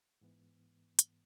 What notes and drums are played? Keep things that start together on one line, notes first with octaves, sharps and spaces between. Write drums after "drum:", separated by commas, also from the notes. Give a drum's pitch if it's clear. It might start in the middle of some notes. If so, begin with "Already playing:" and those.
G#2 E3 B3
drum: hi-hat